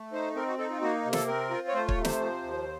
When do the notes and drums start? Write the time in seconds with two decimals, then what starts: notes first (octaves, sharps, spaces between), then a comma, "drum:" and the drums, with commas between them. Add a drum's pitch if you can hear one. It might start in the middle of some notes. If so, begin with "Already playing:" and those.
Already playing: A3
0.12 D#4 C5
0.35 C4 A#4
0.47 F#4
0.58 D#4 A4
0.70 F4
0.81 A#3 F#4
1.05 C3
1.13 A4, drum: snare
1.27 C4 A#4
1.50 F4
1.68 C#5
1.73 A3 C5
1.89 C#5, drum: kick
1.97 C3
2.05 C5, drum: snare
2.19 F3
2.43 D#2